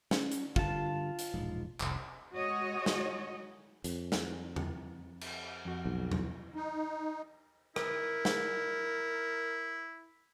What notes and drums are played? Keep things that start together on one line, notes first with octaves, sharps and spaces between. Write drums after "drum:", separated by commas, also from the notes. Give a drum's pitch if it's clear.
C#4, drum: snare
drum: hi-hat
G2 D3 F4 A5, drum: kick
drum: hi-hat
E1 A#1 G#2
F1 C2, drum: clap
G#3 F#4 C#5 D#5
drum: snare
F2, drum: hi-hat
drum: snare
drum: tom E2
drum: cymbal
F2 F#4
B1
drum: tom E2
D#4
E4 A#4, drum: rim click
drum: snare